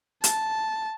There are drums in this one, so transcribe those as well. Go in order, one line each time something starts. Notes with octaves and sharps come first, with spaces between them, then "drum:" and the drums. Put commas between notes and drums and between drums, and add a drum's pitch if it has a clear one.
A5, drum: hi-hat